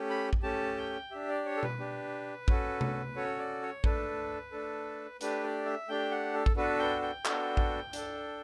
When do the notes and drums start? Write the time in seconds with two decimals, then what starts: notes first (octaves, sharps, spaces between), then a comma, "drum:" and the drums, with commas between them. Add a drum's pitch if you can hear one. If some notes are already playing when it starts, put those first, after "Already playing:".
Already playing: A3 C#4 G4
0.10 B5
0.33 drum: kick A1
0.43 A3 C#4 G4 A5
0.77 G5
1.11 D4 G4 E5
1.29 D5
1.46 C#5
1.57 A4
1.63 B4, drum: tom B2
1.80 D4 G4
2.48 C#4 F#4 A4, drum: kick A1
2.81 drum: tom C3
3.16 C#4 F#4 A4 C#5
3.38 D5
3.62 C#5
3.84 A3 D4 A4 B4, drum: kick A1
4.52 A3 D4 A4
5.21 A3 D4 G4 B4, drum: hi-hat
5.43 D5
5.65 E5
5.89 A3 D4 G4 G5
6.11 F#5
6.34 A4
6.46 drum: kick A1
6.56 B3 D4 F#4 A4 B4
6.79 G5
7.02 G5
7.25 B3 D4 F#4 A4, drum: clap
7.57 drum: kick A1
7.93 D4 A4, drum: hi-hat